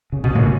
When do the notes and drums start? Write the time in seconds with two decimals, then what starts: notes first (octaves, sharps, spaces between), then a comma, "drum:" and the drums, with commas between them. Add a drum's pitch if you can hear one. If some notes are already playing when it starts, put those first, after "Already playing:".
0.12 C#3
0.24 B2, drum: kick
0.35 A2 C#3